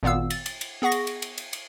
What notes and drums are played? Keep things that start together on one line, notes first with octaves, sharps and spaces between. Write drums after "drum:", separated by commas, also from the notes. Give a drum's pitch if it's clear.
G#1 A#2 B3 F5 E6
A6, drum: cymbal
drum: cymbal
drum: cymbal
B3 G#4 F#5 C#6 A#6
drum: cymbal
drum: cymbal
drum: cymbal
drum: cymbal
drum: cymbal